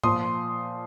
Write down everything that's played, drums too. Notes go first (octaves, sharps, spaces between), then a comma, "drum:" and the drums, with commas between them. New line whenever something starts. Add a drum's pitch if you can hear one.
A#2 F3 C6 D#6, drum: tom G#2